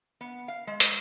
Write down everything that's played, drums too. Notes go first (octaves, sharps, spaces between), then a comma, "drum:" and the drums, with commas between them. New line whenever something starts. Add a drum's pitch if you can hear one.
B3
F5
G#3
drum: hi-hat